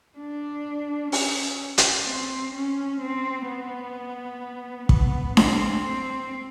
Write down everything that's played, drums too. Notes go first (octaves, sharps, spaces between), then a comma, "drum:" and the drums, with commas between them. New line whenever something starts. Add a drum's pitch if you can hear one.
D4
C#4, drum: open hi-hat
drum: hi-hat
C4
C#4
C4
B3
B3, drum: kick
C4, drum: snare D4
C4